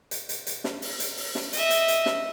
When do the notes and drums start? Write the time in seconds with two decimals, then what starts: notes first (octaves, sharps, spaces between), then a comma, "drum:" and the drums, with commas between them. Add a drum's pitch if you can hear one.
0.11 drum: hi-hat
0.29 drum: hi-hat
0.47 drum: hi-hat
0.64 drum: snare
0.82 drum: open hi-hat
1.00 drum: hi-hat
1.17 drum: open hi-hat
1.35 drum: snare
1.53 D#5 E5, drum: hi-hat
1.70 drum: hi-hat
1.88 drum: hi-hat
2.06 drum: snare